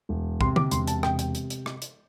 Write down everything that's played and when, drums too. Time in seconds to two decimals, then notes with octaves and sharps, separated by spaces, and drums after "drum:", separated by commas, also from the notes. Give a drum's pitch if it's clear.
0.09 E1
0.41 C3 C6, drum: kick
0.56 D6, drum: tom D3
0.71 E1 C6, drum: hi-hat
0.88 A5, drum: hi-hat
1.03 C3 G5, drum: rim click
1.19 G5, drum: hi-hat
1.35 drum: hi-hat
1.50 drum: hi-hat
1.66 drum: rim click
1.82 drum: hi-hat